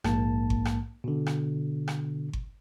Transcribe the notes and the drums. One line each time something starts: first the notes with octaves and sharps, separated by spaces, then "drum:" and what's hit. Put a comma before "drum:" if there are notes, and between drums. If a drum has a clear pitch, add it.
A#1 G#2 A#3 A5, drum: rim click
drum: kick G1
drum: rim click
B2 D3
drum: rim click
drum: rim click
drum: kick G1